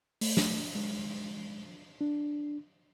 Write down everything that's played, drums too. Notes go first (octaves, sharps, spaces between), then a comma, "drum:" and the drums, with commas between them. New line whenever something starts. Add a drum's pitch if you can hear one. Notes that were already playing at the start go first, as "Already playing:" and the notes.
A3, drum: open hi-hat
drum: snare
G#3
D4